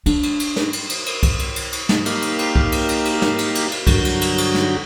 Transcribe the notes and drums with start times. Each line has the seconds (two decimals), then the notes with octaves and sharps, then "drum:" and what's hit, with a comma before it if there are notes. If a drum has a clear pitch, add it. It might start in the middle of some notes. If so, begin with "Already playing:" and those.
0.06 D4, drum: cymbal
0.23 drum: cymbal
0.40 drum: cymbal
0.56 drum: snare
0.73 drum: cymbal
0.90 drum: cymbal
1.06 drum: cymbal
1.23 drum: kick C2, cymbal
1.39 drum: cymbal
1.56 drum: cymbal
1.72 drum: cymbal
1.89 drum: snare
2.06 A#3 D#4 G4 F5, drum: cymbal
2.22 drum: cymbal
2.39 drum: cymbal
2.55 drum: kick C2
2.72 drum: cymbal
2.89 drum: cymbal
3.05 drum: cymbal
3.22 drum: snare
3.38 drum: cymbal
3.55 drum: cymbal
3.72 drum: cymbal
3.87 G2 D3 F#3 F#4 G6, drum: kick C2, cymbal
4.05 drum: cymbal
4.21 drum: cymbal
4.38 drum: cymbal
4.55 drum: snare